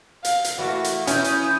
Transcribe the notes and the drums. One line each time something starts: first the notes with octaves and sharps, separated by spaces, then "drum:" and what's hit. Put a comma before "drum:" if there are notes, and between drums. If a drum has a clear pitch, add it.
F5, drum: hi-hat
drum: hi-hat
E3 A3 A#3 F#4
drum: hi-hat
E3 C#4 E4 F4 D#6 G6, drum: hi-hat
drum: hi-hat